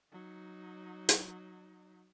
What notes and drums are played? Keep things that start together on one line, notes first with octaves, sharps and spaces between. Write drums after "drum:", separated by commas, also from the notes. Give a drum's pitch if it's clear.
F#3 D#4
drum: hi-hat